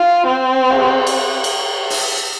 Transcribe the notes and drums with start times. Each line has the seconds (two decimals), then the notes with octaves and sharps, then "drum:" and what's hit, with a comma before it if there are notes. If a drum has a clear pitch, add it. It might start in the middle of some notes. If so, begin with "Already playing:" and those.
Already playing: F4
0.26 C4
0.70 drum: cymbal
1.07 drum: cymbal
1.44 drum: cymbal
1.90 drum: open hi-hat